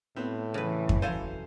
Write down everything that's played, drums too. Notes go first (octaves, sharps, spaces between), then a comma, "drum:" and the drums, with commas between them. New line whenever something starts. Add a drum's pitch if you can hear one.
A2 B3 C4
C#3 E3 B4
drum: kick F2
F#3 A4 C5 F5 G#5